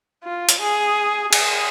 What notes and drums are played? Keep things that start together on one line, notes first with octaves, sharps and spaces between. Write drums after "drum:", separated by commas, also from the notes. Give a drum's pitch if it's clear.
F4
drum: hi-hat
G#4
G#4, drum: cymbal